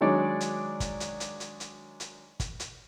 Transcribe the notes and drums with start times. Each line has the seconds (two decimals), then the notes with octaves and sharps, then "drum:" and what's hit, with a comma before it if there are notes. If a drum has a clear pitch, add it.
0.01 D#3 F#3 G#3 D4 C#5 D5
0.40 drum: hi-hat
0.80 drum: kick, hi-hat
1.00 drum: hi-hat
1.20 drum: hi-hat
1.40 drum: hi-hat
1.60 drum: hi-hat
2.00 drum: hi-hat
2.40 drum: kick, hi-hat
2.60 drum: hi-hat